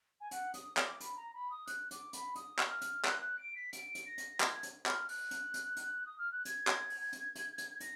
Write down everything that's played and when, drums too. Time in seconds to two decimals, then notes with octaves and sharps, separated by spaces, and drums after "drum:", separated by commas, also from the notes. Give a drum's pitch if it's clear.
0.21 G#5
0.31 F#5, drum: hi-hat
0.54 D#6, drum: hi-hat
0.77 D6, drum: clap
1.00 B5, drum: hi-hat
1.16 A#5
1.34 B5
1.51 D#6
1.67 F#6, drum: hi-hat
1.91 D6, drum: hi-hat
2.13 B5, drum: hi-hat
2.35 D#6, drum: hi-hat
2.59 drum: clap
2.70 F6
2.81 drum: hi-hat
3.05 F#6, drum: clap
3.21 F#6
3.39 D7
3.56 B6
3.73 D7, drum: hi-hat
3.95 drum: hi-hat
4.06 A#6
4.18 drum: hi-hat
4.40 G#6, drum: clap
4.63 drum: hi-hat
4.86 F6, drum: clap
5.09 F#6, drum: open hi-hat
5.31 drum: hi-hat
5.54 drum: hi-hat
5.77 drum: hi-hat
6.06 D#6
6.18 F6
6.32 F#6
6.45 G#6, drum: hi-hat
6.67 drum: clap
6.90 drum: open hi-hat
7.13 drum: hi-hat
7.36 drum: hi-hat
7.58 drum: hi-hat
7.80 A#6, drum: hi-hat